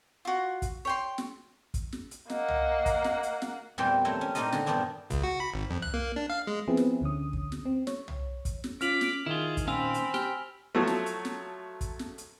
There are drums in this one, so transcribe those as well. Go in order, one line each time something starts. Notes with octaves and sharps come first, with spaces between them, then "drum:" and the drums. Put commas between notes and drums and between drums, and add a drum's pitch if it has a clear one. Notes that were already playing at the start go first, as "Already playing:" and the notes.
F4 F#4
drum: kick, hi-hat
C#5 G5 C6
drum: snare
drum: kick, hi-hat
drum: snare
drum: hi-hat
A#3 D#5 F#5, drum: snare
drum: tom
drum: kick, hi-hat
drum: snare
drum: hi-hat
drum: snare
E2 A#2 E3 G3 C4 G5
F#3 A3 C4 E4
C#4
A#2 A#3 C4 D#4 F4 D#5, drum: hi-hat
D3 F#4 G#4, drum: snare
G2 A#2 B3 C4 D4 E4
C#2, drum: kick, hi-hat
F#4
B5
G#1
F2
F#6, drum: tom
A#3
D4
F5
G#3
F3 B3 C4 E4 G#4 B4
drum: snare
D2 D3 C#4 D#6
drum: kick
drum: snare
C4
C#5, drum: snare
drum: tom
drum: kick, hi-hat
drum: snare
C#4 F4 D6 F6 B6 F7 F#7, drum: hi-hat
drum: snare
D#3 E4 F4 G#4
drum: kick, hi-hat
A#2 C4 C#4 F5 G#5 B5 E6 F7
drum: hi-hat
G4 F6, drum: snare
F3 F#3 A3
drum: snare
drum: hi-hat
drum: snare
drum: kick, hi-hat
drum: snare
drum: hi-hat